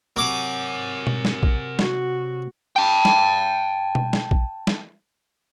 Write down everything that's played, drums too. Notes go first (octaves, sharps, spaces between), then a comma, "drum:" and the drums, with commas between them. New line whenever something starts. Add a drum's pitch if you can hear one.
C3 F#3 A#4 G#5 D6
drum: tom B2
drum: snare
drum: kick A#1
F#4, drum: snare
G5 A5
drum: snare
drum: tom B2
drum: snare
drum: kick A#1
drum: snare